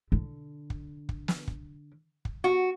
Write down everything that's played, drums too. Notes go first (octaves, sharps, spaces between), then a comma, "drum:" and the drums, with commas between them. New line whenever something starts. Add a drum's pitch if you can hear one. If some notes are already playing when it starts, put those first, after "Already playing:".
D3
drum: kick
drum: kick
drum: snare
drum: kick
drum: kick
F#4